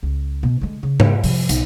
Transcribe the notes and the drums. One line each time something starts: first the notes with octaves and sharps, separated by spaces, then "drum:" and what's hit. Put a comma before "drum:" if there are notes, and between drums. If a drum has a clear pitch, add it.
C#2
B2
D3 G#3
C#3
drum: tom G#2
C3 F3, drum: open hi-hat
B1, drum: hi-hat